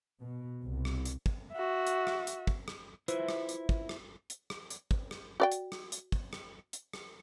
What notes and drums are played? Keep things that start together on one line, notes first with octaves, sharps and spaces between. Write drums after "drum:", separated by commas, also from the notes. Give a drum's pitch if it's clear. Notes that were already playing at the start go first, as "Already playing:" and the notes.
B2
C2
drum: rim click
drum: hi-hat
drum: kick
F#4 E5
drum: hi-hat
drum: rim click
drum: hi-hat
drum: kick
drum: rim click
E4 F4 B4 C5 E5, drum: hi-hat
drum: rim click
drum: hi-hat
drum: kick
drum: rim click
drum: hi-hat
drum: rim click
drum: hi-hat
drum: kick
drum: rim click
F#4 D5 G5
drum: hi-hat
drum: rim click
drum: hi-hat
drum: kick
drum: rim click
drum: hi-hat
drum: rim click